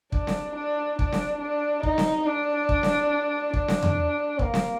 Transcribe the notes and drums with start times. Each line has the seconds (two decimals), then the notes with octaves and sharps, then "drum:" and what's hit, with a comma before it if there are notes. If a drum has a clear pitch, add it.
0.12 D4, drum: kick
0.27 drum: snare C4
0.55 D4
0.99 D4, drum: kick
1.12 drum: snare C4
1.40 D4
1.83 D#4, drum: kick
1.98 drum: snare C4
2.26 D4
2.69 drum: kick
2.83 drum: snare C4
3.53 D4, drum: kick
3.68 drum: snare C4
3.83 drum: tom E2
4.39 A#3, drum: kick
4.54 drum: snare C4